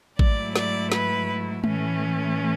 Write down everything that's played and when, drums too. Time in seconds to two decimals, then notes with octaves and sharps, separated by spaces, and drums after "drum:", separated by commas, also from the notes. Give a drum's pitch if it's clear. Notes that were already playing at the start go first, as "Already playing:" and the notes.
0.19 G#2 F#3 A3 E4 D5, drum: kick A1
0.56 D5, drum: snare
0.92 B4, drum: snare
1.64 A2 E3 A3 C#4, drum: tom G#3